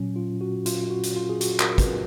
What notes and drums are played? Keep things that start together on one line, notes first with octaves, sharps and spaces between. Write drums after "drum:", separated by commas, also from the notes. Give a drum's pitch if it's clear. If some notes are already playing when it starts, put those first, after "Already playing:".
Already playing: A#2 F#3 C#4
F4
F#4
F4, drum: hi-hat
F#4
drum: hi-hat
F4
G#4
F#4, drum: hi-hat
A#4, drum: clap
B4, drum: kick, hi-hat